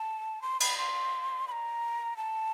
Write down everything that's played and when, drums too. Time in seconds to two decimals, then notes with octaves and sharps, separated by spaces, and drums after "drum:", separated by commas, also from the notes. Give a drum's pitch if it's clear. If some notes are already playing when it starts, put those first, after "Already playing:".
Already playing: A5
0.42 C6
0.60 B5, drum: cymbal
0.78 C6
1.48 B5
1.52 A#5
2.17 A5